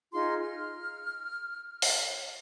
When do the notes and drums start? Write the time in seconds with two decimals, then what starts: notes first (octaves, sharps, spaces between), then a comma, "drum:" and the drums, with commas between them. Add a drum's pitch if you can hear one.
0.13 D#4 F4 G#4 C6
0.41 F6
1.82 drum: open hi-hat